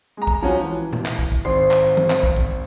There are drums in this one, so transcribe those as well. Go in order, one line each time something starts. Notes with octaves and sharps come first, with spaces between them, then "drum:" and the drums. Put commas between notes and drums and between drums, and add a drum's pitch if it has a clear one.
G#3 A#5
drum: kick
F3 C#4 F#4, drum: tambourine
E3
drum: tom A#2
drum: clap
drum: kick, tambourine
drum: kick
G#1 C5 C6, drum: tambourine
drum: clap
drum: tom
drum: clap
drum: kick, tambourine
drum: kick